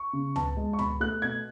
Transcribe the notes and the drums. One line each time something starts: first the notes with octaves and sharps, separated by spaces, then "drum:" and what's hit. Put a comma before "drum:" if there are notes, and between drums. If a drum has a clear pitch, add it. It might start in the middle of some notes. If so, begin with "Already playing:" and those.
Already playing: C#6
C#3
B3 A5, drum: tom C#2
G#3
C#6
B2 B5, drum: tom C#2
A3 F#6
B2 G#6